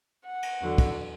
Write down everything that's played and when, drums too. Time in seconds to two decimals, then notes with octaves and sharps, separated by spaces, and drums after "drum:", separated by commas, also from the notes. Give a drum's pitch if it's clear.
0.25 F#5
0.43 drum: cymbal
0.61 E2 D3 F#3
0.78 drum: kick, cymbal